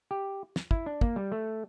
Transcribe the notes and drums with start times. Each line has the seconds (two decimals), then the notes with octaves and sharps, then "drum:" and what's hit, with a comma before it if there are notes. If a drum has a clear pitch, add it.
0.11 G4
0.56 drum: snare
0.71 E4, drum: kick
0.86 D4
1.01 A#3, drum: kick
1.16 G3
1.32 A3